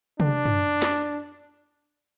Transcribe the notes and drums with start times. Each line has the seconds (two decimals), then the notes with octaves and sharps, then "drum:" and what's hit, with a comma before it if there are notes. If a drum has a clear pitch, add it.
0.20 D4, drum: tom
0.45 drum: tom
0.82 drum: snare